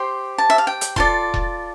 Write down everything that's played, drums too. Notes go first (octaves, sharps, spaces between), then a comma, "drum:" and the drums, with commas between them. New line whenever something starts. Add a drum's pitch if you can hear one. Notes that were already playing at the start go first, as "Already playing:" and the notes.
Already playing: G4 C5 C6
A5
E5
F5
G5
drum: hi-hat
F4 A4 D5 C6, drum: kick E1
drum: kick E1